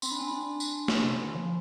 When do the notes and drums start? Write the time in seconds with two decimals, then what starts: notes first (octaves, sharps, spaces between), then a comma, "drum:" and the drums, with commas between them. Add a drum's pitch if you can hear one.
0.02 C4 C6, drum: tambourine
0.11 D4 B5
0.19 C4 G#5
0.27 D4 B5
0.60 drum: tambourine
0.88 D4, drum: snare
1.03 C3
1.14 D3
1.24 D#3
1.35 F3